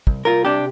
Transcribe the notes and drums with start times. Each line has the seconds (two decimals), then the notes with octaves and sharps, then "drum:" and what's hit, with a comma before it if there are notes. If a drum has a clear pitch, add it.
0.07 C2, drum: kick
0.25 C2 F4 A#4
0.45 C3 D4 G4